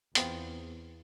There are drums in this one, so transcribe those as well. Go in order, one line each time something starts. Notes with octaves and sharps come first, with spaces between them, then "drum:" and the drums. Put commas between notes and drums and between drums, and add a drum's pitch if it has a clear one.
E2 B3 C4 F4, drum: hi-hat